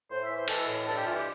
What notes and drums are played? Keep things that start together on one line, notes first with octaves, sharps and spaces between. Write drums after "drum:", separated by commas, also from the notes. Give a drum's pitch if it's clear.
A2 C5
E5
E3
C5
E3 A4, drum: cymbal
A2
G2 A4
G4
E3 F4
G4